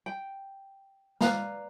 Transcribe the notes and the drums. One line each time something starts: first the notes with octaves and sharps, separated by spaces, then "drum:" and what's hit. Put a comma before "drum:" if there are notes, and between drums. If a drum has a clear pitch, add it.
G5
B4 D5 F5 A#5, drum: snare